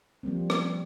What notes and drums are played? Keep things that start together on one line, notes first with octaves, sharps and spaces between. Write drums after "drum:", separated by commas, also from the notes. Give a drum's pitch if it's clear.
F3 G3 A#3 C4
drum: rim click